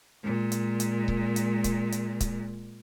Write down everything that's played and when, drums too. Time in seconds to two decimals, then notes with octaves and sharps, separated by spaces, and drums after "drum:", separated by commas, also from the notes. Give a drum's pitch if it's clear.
0.23 A#2 G#3
0.52 drum: hi-hat
0.80 drum: hi-hat
1.08 drum: kick C#1
1.36 drum: hi-hat
1.64 drum: kick C#1, hi-hat
1.92 drum: hi-hat
2.20 drum: kick C#1, hi-hat